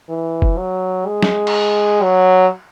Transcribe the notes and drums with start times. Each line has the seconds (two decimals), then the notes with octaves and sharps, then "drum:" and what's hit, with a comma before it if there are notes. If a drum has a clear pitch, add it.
0.09 E3
0.42 drum: kick
0.58 F#3
1.06 G#3
1.23 drum: snare
1.47 drum: cymbal
2.03 F#3